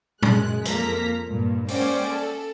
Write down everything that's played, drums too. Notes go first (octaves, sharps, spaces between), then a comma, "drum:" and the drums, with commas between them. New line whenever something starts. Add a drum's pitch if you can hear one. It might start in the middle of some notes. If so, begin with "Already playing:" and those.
F#2 G#3 F#6, drum: tom
F2 A#3 F4 A4 A#5 B6, drum: hi-hat
G2 A#2
G#3 A#3 C#4 C5 D5 G5, drum: open hi-hat
A4